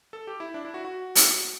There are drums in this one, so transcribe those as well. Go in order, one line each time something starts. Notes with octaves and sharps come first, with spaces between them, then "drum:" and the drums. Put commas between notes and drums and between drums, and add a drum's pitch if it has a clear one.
A4
G4
E4
D4
E4
F#4
F#4
drum: hi-hat